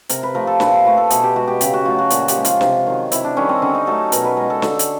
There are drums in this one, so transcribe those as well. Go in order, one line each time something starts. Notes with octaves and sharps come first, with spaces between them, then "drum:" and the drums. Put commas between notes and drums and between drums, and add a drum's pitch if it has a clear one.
C3 A#4, drum: hi-hat
B4
F3 A3 A#4
A4
A#2 B4, drum: snare
C5
F3 A3 B4
A4
B2 G#4, drum: hi-hat
G4
G#3 F#4
G4
C#3 G4, drum: hi-hat
F#4
F#3 A3 F4
F#4
A#2 F#4, drum: hi-hat
G4, drum: hi-hat
F3 G#3
F4, drum: hi-hat
C3, drum: snare
D#3 F#3
C3 E4, drum: hi-hat
D4
D#3 G3 C#4
C4
D3 C#4
D#4
F#3 A3 A4
B2 A#4, drum: hi-hat
B4
G#3 A#4
A4
D3 A4, drum: snare
drum: hi-hat